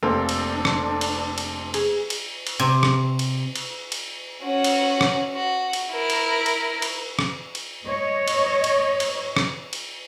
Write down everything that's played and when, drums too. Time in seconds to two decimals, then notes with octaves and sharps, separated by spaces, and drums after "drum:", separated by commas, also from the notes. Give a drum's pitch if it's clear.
0.03 F1 A#3 C4 D4 A4
0.29 drum: cymbal
0.65 drum: rim click
1.01 drum: cymbal
1.38 drum: cymbal
1.74 G#4, drum: cymbal
2.10 drum: cymbal
2.47 drum: cymbal
2.60 C3
2.83 drum: rim click
3.19 drum: cymbal
3.56 drum: cymbal
3.92 drum: cymbal
4.44 C#4 F#4
4.64 drum: cymbal
5.01 drum: rim click
5.34 F#4
5.73 drum: cymbal
5.91 E4 A#4
6.10 drum: cymbal
6.46 drum: cymbal
6.82 drum: cymbal
7.19 drum: rim click
7.55 drum: cymbal
7.86 C#5 D#5
8.28 drum: cymbal
8.64 drum: cymbal
9.00 drum: cymbal
9.36 drum: rim click
9.73 drum: cymbal